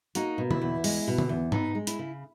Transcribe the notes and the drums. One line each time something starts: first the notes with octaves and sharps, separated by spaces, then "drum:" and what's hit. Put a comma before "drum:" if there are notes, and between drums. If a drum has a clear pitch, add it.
A#3 D#4 F#4, drum: hi-hat
B2
E4, drum: tom D3
E2
G#3, drum: open hi-hat
B2
drum: tom D3
E2
B3 D#4, drum: tom G#2
G#3
E4, drum: hi-hat
C#3